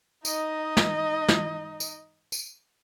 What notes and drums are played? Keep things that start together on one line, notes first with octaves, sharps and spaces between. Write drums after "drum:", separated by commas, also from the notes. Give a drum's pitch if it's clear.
D#4 D#5, drum: tambourine
drum: snare
drum: snare
drum: tambourine
drum: tambourine